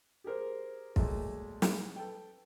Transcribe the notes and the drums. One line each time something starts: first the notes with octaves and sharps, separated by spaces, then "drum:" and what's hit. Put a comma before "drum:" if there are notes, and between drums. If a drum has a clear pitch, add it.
G4 G#4 A#4 C5
A#2 F#3 G#3 A3, drum: kick
drum: snare
A4 B4 G5